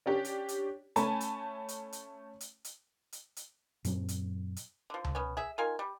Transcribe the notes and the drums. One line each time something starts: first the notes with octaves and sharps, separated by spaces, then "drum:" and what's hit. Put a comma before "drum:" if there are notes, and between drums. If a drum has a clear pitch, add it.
C#4 D4 G4
drum: hi-hat
drum: hi-hat
A3 C#4 G#5 A5 B5, drum: hi-hat
drum: hi-hat
drum: hi-hat
drum: hi-hat
drum: hi-hat
drum: hi-hat
drum: hi-hat
drum: hi-hat
F#2 A#2 F#3 C4, drum: hi-hat
drum: hi-hat
drum: hi-hat
D3 F3
drum: tom C#2
B3 C#4
G#4 E5
D#3 F4 A#4 G#5
G3